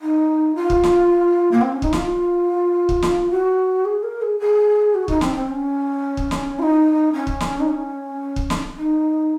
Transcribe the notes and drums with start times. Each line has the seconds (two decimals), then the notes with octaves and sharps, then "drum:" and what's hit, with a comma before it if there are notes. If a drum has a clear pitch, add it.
0.01 D#4
0.55 F4
0.70 drum: kick
0.83 drum: snare
1.52 A#3
1.61 C4
1.72 C#4
1.82 D#4, drum: kick
1.93 F4, drum: snare
2.89 drum: kick
3.02 drum: snare
3.30 F#4
3.85 G#4
4.03 A#4
4.22 G#4
4.40 G#4
4.95 F#4
5.08 D#4, drum: kick
5.21 C4, drum: snare
5.35 C4
5.49 C#4
6.17 drum: kick
6.31 drum: snare
6.59 F4
6.62 D#4
7.13 C#4
7.27 drum: kick
7.40 drum: snare
7.60 D#4
7.68 C#4
8.36 drum: kick
8.50 drum: snare
8.77 D#4